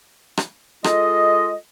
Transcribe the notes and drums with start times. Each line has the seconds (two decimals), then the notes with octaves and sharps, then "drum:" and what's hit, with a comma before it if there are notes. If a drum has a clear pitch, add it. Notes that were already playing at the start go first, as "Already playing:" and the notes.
0.37 drum: rim click
0.84 G#3 F4 A4 D#5, drum: rim click